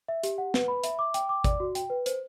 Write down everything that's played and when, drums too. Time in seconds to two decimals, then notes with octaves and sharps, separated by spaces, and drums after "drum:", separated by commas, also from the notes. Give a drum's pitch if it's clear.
0.08 E5
0.23 G4, drum: hi-hat
0.38 F#5
0.54 B4, drum: snare
0.68 B5
0.84 E5, drum: hi-hat
0.99 D6
1.14 G5, drum: hi-hat
1.29 D6
1.44 D5, drum: kick G#1, hi-hat
1.60 F#4
1.75 G5, drum: hi-hat
1.90 B4
2.06 C5, drum: hi-hat